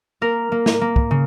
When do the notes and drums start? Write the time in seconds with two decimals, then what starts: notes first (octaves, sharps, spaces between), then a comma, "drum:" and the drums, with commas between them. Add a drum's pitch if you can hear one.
0.21 A#3 A#4
0.52 A#3
0.66 drum: snare
0.81 A#3
0.96 drum: kick
1.11 C#3